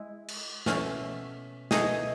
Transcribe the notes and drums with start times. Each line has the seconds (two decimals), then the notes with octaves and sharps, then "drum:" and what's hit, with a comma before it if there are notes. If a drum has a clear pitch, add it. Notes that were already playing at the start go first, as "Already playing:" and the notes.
Already playing: G#3 E4
0.28 drum: cymbal
0.66 B2 A3 C#4, drum: snare
1.71 B2 A3 D#4 G#4, drum: snare